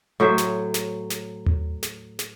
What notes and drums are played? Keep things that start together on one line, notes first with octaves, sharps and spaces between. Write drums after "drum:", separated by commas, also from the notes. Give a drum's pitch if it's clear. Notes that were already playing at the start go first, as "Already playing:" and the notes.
A2 F#3 C5 E5
drum: snare
drum: snare
drum: snare
drum: tom D#2
drum: snare
drum: snare